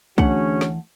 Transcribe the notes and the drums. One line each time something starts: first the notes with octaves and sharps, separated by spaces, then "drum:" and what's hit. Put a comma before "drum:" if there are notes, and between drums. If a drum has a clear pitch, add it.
D2 E3 A3 C#4 F#4 G#4 F#5, drum: kick
drum: snare